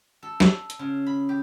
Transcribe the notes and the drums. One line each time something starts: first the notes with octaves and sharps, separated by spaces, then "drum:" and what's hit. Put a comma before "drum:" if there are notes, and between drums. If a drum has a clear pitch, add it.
A4
drum: snare
drum: hi-hat
C#3
B5
G4